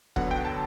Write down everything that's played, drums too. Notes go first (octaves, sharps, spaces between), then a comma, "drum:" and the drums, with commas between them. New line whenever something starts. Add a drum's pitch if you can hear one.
D3 F#3 B3 F#5, drum: kick
G5
A5